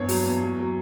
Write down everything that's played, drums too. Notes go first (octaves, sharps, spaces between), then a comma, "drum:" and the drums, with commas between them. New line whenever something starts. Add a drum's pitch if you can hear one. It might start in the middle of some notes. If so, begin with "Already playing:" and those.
Already playing: E2 G2 C#5
F#3, drum: open hi-hat
E2
F#3
F#3